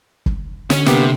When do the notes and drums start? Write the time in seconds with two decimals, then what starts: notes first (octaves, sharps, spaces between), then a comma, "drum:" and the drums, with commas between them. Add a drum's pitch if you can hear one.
0.26 drum: kick F#1
0.70 D3 C#4, drum: snare
0.86 C3 A#3 B3 G4, drum: snare